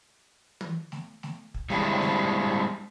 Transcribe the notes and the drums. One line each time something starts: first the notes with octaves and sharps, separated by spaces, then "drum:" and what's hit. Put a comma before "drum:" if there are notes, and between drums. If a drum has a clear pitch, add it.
drum: tom
drum: snare A3
drum: snare A3
drum: kick
G3 G#3 C4 D4 E4, drum: snare A3
drum: snare A3